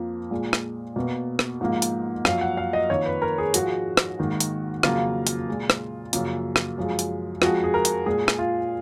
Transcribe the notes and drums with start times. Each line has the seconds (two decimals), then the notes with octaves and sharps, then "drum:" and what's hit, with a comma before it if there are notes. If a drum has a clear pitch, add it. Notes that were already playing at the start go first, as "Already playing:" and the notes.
Already playing: F2 F3 A#3
0.31 A#2 G#3
0.53 drum: rim click
0.96 B2 A#3
1.39 drum: rim click
1.61 G#2 F3 A#3
1.82 drum: hi-hat
2.25 F#2 F3 A#3 F5, drum: rim click
2.41 F#5
2.57 F5
2.73 D#5
2.90 F2 D#3 A#3 C#5
3.06 B4
3.22 A#4
3.38 G#4
3.54 G#2 F3 G#3 F#4, drum: hi-hat
3.97 drum: rim click
4.19 G#2 D#3 A#3
4.40 drum: hi-hat
4.83 F2 C#3 F#3 A#3 F4, drum: rim click
5.27 drum: hi-hat
5.49 A#2 G#3
5.70 drum: rim click
6.13 F#2 C#3 F3 A#3, drum: hi-hat
6.56 drum: rim click
6.78 F#2 F3 G#3
6.99 drum: hi-hat
7.42 F2 F3 G#3 F#4, drum: rim click
7.64 G#4
7.74 A#4
7.85 drum: hi-hat
8.06 A#2 G#3 G#4
8.28 drum: rim click
8.39 F4